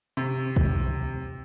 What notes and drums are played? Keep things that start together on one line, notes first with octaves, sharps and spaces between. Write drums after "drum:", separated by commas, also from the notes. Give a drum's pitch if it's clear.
C3
drum: kick